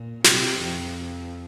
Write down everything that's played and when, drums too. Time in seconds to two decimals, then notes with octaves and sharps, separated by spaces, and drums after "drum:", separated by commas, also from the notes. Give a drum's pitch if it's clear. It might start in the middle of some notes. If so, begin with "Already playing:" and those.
Already playing: A#2
0.24 C3, drum: snare
0.60 F2